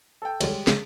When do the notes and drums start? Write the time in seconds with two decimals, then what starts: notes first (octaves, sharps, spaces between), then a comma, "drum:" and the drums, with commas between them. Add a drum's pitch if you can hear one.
0.22 A4 G5
0.41 D2 D3 G3 G#3 C#5, drum: cymbal
0.67 C#3, drum: snare